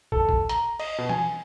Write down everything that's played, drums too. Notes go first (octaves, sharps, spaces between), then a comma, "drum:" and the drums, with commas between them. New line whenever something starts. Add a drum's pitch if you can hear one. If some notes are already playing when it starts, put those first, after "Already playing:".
A4, drum: kick
drum: kick
A#5, drum: hi-hat
D#5, drum: cymbal
B2
G#5, drum: tom E3